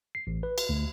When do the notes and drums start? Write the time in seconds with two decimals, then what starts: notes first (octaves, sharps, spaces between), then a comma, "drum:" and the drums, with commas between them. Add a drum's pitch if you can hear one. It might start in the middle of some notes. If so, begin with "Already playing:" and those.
0.15 C7
0.27 A1
0.43 B4
0.58 drum: cymbal
0.69 D2